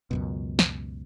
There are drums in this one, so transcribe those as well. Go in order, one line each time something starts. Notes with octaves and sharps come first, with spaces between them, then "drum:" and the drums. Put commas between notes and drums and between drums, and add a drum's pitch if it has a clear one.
C#2 F#2 B2
drum: snare